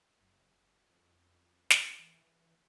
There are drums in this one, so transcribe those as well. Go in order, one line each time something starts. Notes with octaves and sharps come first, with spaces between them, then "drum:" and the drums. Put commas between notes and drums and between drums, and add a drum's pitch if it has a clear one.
F#1
F2
drum: snare
E3